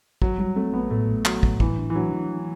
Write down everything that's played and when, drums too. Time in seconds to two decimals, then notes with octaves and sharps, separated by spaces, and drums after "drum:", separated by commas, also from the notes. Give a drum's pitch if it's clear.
0.22 A1 F#3, drum: kick
0.39 F#3 G3
0.56 A3 C4
0.74 A1 B3
0.91 A2 A3
1.09 A1
1.25 A1 F#3, drum: clap
1.43 A2, drum: kick
1.60 A2 E3, drum: kick
1.78 D4
1.90 E3
1.95 F#3 D4
2.13 E3
2.30 E3